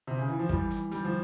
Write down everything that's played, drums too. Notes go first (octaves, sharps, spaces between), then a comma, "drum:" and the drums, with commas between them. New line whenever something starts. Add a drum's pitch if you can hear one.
C3
C#3
E3
F3
E3 G3, drum: kick
drum: hi-hat
G3, drum: hi-hat
F3